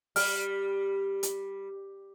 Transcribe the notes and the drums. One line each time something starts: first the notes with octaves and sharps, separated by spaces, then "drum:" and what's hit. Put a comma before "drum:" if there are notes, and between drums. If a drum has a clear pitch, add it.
G3 F6, drum: open hi-hat
drum: hi-hat